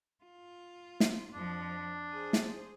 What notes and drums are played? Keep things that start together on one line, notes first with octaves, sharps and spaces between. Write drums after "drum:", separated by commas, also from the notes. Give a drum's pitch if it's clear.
F4
drum: snare
F2 F3 D4
G#4 C5
drum: snare